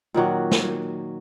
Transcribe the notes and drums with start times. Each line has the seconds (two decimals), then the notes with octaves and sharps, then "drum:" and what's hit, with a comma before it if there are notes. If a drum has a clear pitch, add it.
0.14 A#2 D#3 F#3 F#4
0.51 drum: snare